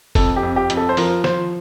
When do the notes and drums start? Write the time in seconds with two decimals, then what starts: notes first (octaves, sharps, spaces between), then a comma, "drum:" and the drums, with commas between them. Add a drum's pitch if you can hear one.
0.15 F2 A4, drum: kick F1, open hi-hat
0.36 G4
0.43 F2
0.56 G4
0.70 F2, drum: hi-hat
0.77 A4
0.89 C5
0.97 F3 A#4, drum: open hi-hat
1.24 F3 C5, drum: snare